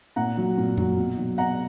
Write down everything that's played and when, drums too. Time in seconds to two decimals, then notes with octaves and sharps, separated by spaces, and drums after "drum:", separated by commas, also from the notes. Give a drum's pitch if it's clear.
0.16 A#2 F#5 A#5
0.37 F#3
0.58 A#2
0.78 F#3, drum: tom F#2
0.97 B2
1.18 F#3
1.38 B2 F#5 A#5